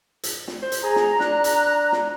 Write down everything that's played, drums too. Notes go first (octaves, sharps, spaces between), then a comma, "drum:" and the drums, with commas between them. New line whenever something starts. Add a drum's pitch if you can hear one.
drum: hi-hat
drum: snare
C5
drum: hi-hat
G#4 A#5
drum: snare
D4 F#6, drum: snare
drum: hi-hat
drum: snare